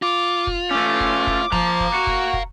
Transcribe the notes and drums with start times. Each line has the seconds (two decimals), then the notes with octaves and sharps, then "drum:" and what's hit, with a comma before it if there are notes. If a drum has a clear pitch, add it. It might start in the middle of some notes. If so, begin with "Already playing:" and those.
0.02 F4 D6
0.47 drum: kick
0.71 A3 C#4 D6
1.00 drum: kick
1.27 drum: kick
1.52 F3 F5 A#5, drum: kick
1.80 drum: kick
1.94 F#4
2.07 drum: kick
2.34 drum: kick